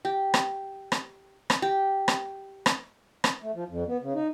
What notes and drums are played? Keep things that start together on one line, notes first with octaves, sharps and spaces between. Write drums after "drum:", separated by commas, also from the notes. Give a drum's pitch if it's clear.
G4
drum: rim click
drum: rim click
drum: rim click
G4
drum: rim click
drum: rim click
drum: rim click
A3
F3
F2
B3
C#3
D#4